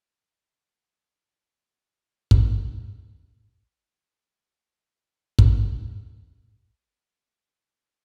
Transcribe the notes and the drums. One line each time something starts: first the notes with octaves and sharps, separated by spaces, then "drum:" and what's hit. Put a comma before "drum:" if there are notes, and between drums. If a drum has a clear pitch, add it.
E3 D4 F#4
drum: kick
C#4 D#5
drum: kick
A2 B3 C4